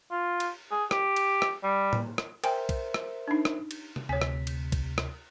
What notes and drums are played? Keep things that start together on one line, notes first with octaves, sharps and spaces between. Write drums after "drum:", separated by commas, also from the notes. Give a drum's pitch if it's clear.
F4
drum: cymbal
G#4
G4, drum: rim click
drum: cymbal
drum: rim click
G3
drum: tom
drum: rim click
A#4 C5 E5 G5 G#5, drum: cymbal
drum: kick B1, cymbal
drum: rim click
D4 D#4
drum: rim click
drum: cymbal
drum: tom C3
D2 C3 C#5 G#5 B6
drum: rim click
drum: cymbal
drum: kick B1, cymbal
drum: rim click